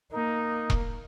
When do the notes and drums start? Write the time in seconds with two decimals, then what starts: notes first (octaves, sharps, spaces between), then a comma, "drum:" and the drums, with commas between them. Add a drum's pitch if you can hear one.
0.13 A#3 D#4
0.70 drum: kick E1